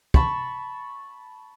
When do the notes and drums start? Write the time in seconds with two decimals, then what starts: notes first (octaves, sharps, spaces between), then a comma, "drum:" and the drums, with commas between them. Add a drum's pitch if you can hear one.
0.14 A5 B5 C#6, drum: kick